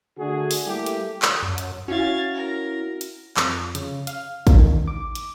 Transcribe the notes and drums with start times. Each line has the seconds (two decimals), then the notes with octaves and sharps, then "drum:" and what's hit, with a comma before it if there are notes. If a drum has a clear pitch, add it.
0.18 D3 A3 D4 F#4 G#4
0.51 drum: open hi-hat
0.66 G3 A3 A#3 E4 G4
0.86 drum: hi-hat
1.22 drum: clap
1.43 F#2
1.58 drum: hi-hat
1.88 C#4 E4 F#4 F5 G#6 A6
2.34 A#4
3.01 drum: hi-hat
3.37 F2, drum: clap
3.75 C#3, drum: hi-hat
4.07 F5, drum: hi-hat
4.47 D#3, drum: kick A1, hi-hat
4.88 D6
5.15 drum: hi-hat